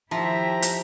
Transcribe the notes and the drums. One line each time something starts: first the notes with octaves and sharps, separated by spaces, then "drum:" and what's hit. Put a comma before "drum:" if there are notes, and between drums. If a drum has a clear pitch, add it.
D#3 F3 E4 G4 E5 A#5
drum: hi-hat